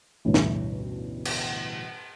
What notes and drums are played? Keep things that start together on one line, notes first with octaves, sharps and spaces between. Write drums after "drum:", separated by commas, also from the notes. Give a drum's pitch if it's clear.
A1 D2 G2 B2 E3
drum: snare
drum: cymbal